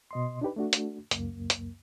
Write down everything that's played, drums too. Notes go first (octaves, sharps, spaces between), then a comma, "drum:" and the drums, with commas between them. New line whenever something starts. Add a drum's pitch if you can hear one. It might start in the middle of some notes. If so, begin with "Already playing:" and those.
B2 D#5 C6
D4 D#4 G4 B4
A3 D4 F#4
drum: hi-hat
C#2 F#2 A#3, drum: hi-hat
drum: hi-hat